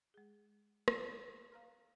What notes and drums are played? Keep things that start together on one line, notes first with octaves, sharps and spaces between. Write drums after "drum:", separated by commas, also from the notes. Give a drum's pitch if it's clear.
G#3 G#4
F4 A#4 C#5, drum: rim click
F5 A#5 F6